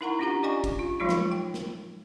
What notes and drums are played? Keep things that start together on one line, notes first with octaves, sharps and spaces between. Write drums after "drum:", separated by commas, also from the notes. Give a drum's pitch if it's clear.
D#4 E4 A#4 F#5 A#5 C#6
C#4 D4 F4 G4 F#5 A#5
C#4 G4 D5 D#5 G#5 C#6
drum: kick, cymbal
F4
F3 F#3 G#3 D#4 F4
drum: snare
G5
drum: snare